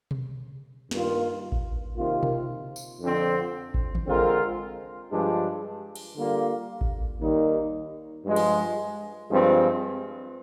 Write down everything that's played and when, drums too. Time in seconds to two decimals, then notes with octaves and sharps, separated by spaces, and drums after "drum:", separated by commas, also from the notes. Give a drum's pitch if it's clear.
0.11 drum: tom B2
0.91 G2 D#3 A#3 F4, drum: snare
1.52 drum: kick A1
1.96 C3 D#3 A#3 F4
2.23 drum: tom B2
2.76 drum: tambourine
3.01 F2 D3 F3 C4
3.74 drum: kick A1
3.95 drum: tom D#3
4.06 D3 G#3 C4 F4 A#4
5.10 G2 F3 G#3 D4 G4
5.96 drum: cymbal
6.16 D3 G3 A#3 F4
6.81 drum: kick A1
7.20 D#2 D#3 G3 A#3 D#4
8.25 G2 F3 G#3
8.36 drum: cymbal
9.30 G2 F3 G#3 C4